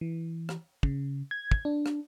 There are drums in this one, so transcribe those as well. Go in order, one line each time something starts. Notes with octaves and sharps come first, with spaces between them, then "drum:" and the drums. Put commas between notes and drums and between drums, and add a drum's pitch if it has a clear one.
E3
drum: rim click
C#3, drum: kick
G#6
drum: kick
D4
drum: rim click